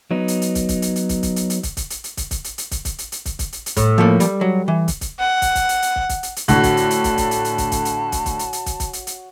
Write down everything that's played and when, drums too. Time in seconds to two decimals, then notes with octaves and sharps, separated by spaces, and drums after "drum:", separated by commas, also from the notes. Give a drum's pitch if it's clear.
0.11 F#3 B3 D#4
0.28 drum: hi-hat
0.42 drum: hi-hat
0.55 drum: kick, hi-hat
0.69 drum: kick, hi-hat
0.82 drum: hi-hat
0.96 drum: hi-hat
1.09 drum: kick, hi-hat
1.23 drum: kick, hi-hat
1.36 drum: hi-hat
1.50 drum: hi-hat
1.63 drum: kick, hi-hat
1.77 drum: kick, hi-hat
1.90 drum: hi-hat
2.04 drum: hi-hat
2.17 drum: kick, hi-hat
2.31 drum: kick, hi-hat
2.44 drum: hi-hat
2.58 drum: hi-hat
2.71 drum: kick, hi-hat
2.85 drum: kick, hi-hat
2.98 drum: hi-hat
3.12 drum: hi-hat
3.25 drum: kick, hi-hat
3.39 drum: kick, hi-hat
3.53 drum: hi-hat
3.66 drum: hi-hat
3.77 A2, drum: kick, hi-hat
3.98 F3 A3 A#3
4.20 G3, drum: hi-hat
4.41 F#3
4.68 E3
4.88 drum: kick, hi-hat
5.01 drum: kick, hi-hat
5.19 F#5
5.42 drum: kick, hi-hat
5.55 drum: kick, hi-hat
5.69 drum: hi-hat
5.82 drum: hi-hat
5.96 drum: kick
6.09 drum: kick, hi-hat
6.23 drum: hi-hat
6.36 drum: hi-hat
6.48 A2 D3 F#4 C#5 A5, drum: kick, hi-hat
6.63 drum: kick, hi-hat
6.77 drum: hi-hat
6.90 drum: hi-hat
7.04 drum: kick, hi-hat
7.18 drum: kick, hi-hat
7.31 drum: hi-hat
7.45 drum: hi-hat
7.58 drum: kick, hi-hat
7.72 drum: kick, hi-hat
7.85 drum: hi-hat
8.12 drum: kick, hi-hat
8.26 drum: kick, hi-hat
8.39 drum: hi-hat
8.53 drum: hi-hat
8.66 drum: kick, hi-hat
8.80 drum: kick, hi-hat
8.93 drum: hi-hat
9.07 drum: hi-hat